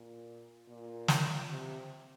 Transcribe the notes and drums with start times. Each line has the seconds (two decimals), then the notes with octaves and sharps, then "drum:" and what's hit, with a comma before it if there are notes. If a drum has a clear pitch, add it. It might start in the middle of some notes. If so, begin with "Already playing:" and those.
Already playing: A#2
0.68 A#2
1.08 drum: snare
1.49 C3